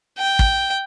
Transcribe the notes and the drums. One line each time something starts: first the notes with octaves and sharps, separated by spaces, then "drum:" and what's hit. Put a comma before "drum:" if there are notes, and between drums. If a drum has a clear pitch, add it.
G5
drum: kick